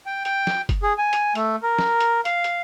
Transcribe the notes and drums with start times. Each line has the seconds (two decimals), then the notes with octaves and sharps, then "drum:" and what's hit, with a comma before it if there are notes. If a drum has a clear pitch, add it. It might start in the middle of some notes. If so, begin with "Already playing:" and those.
0.06 G5
0.25 G5, drum: hi-hat
0.47 drum: snare
0.69 drum: kick F#1, hi-hat
0.83 G#4
0.98 G#5
1.13 drum: hi-hat
1.35 A3, drum: hi-hat
1.63 A#4
1.79 drum: snare
2.00 drum: hi-hat
2.25 F5, drum: hi-hat
2.44 drum: hi-hat